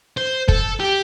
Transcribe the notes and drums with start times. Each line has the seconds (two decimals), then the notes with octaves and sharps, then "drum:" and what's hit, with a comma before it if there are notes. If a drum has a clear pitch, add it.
0.17 C5
0.48 A4, drum: kick
0.80 G4